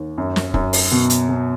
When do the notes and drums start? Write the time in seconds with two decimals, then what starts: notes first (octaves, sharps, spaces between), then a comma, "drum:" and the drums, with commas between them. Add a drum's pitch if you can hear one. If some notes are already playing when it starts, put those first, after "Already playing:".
Already playing: D#2
0.18 F#2
0.36 drum: snare
0.54 F#2, drum: kick
0.73 drum: open hi-hat
0.92 B2
1.10 drum: hi-hat
1.29 B2